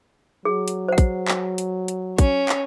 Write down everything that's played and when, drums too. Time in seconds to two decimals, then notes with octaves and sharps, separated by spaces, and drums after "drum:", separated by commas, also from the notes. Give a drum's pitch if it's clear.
0.45 F#3 G#4
0.68 drum: hi-hat
0.88 C5 F#5
0.98 drum: kick, hi-hat
1.28 drum: clap
1.58 drum: hi-hat
1.88 drum: hi-hat
2.18 C#4, drum: kick, hi-hat
2.49 drum: clap